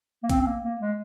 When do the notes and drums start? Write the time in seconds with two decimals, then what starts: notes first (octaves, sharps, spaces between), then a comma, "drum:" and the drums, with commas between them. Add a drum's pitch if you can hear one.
0.23 A#3
0.30 C4, drum: kick, hi-hat
0.41 C4
0.46 A#3
0.63 A#3
0.80 G#3